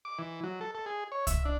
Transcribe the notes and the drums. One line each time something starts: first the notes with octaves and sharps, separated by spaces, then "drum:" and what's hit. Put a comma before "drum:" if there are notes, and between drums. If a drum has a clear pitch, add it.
D6
E3
F#3
A4
A4
G#4
C#5
E5, drum: kick C2, hi-hat
D4